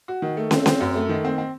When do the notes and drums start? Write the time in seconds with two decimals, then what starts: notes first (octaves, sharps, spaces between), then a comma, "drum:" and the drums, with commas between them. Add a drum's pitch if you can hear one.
0.08 F#4
0.22 D#3
0.37 A3
0.51 C4, drum: snare
0.66 C4, drum: snare
0.80 F#2
0.95 A3
1.09 D#3
1.25 C4
1.38 C4